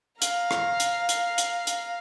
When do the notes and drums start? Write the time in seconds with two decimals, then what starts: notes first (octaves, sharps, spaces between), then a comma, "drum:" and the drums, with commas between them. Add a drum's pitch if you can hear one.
0.22 F5 A#5, drum: hi-hat
0.51 drum: rim click
0.80 drum: hi-hat
1.09 drum: hi-hat
1.38 drum: hi-hat
1.67 drum: hi-hat